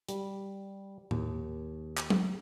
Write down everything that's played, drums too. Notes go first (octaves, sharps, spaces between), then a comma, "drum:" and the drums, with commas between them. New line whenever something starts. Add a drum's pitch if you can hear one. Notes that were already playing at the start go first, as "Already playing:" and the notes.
G3, drum: hi-hat
D#2, drum: tom A2
drum: clap
drum: tom